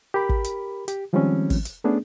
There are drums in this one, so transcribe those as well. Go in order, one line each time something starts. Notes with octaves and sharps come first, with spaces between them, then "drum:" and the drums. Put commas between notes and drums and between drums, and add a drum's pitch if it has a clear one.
G4 A#4 B5
drum: kick
drum: hi-hat
G4, drum: hi-hat
D#3 F3 G3 G#3 C4 C#4
drum: kick, open hi-hat
drum: hi-hat
A3 B3 C#4 D4 G#4